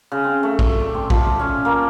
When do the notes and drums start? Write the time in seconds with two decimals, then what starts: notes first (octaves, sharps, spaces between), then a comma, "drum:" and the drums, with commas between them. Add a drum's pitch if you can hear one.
0.12 C#3
0.24 C4
0.43 A3
0.59 A3, drum: kick A#1
0.80 D5
0.94 C4
1.10 F3, drum: kick A#1
1.39 C#4
1.65 A#3